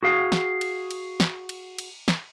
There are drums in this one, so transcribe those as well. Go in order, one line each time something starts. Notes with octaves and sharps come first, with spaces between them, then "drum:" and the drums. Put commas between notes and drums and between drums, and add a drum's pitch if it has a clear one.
F#4 G#4 F5
drum: snare
drum: cymbal
drum: cymbal
drum: snare
drum: cymbal
drum: cymbal
drum: snare